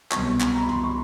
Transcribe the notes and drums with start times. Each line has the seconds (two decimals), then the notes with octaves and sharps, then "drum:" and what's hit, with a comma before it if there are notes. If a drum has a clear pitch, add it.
0.11 C2 B2 F#3 B3 C#6, drum: clap
0.40 drum: clap
0.54 A#5
0.62 B5
0.69 C6, drum: tom
0.84 C#6